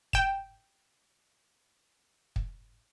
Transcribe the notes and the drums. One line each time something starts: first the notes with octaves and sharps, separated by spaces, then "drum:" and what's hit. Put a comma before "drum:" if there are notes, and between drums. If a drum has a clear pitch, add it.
G5 E7, drum: kick
drum: kick